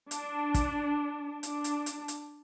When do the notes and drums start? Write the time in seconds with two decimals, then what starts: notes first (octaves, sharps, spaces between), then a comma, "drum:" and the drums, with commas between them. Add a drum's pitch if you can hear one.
0.11 D4, drum: hi-hat
0.54 drum: kick, hi-hat
1.43 D4, drum: hi-hat
1.64 drum: hi-hat
1.86 drum: hi-hat
2.08 drum: hi-hat